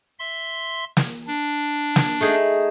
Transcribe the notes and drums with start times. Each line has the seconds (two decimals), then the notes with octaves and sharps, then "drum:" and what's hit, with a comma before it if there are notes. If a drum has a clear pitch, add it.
0.19 E5 C6
0.97 drum: snare
1.27 D4
1.96 drum: snare
2.21 A3 D#4 G#4